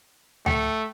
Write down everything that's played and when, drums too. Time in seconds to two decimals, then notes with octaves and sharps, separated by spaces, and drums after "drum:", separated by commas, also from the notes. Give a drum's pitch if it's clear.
0.46 A3 G5, drum: tom C#2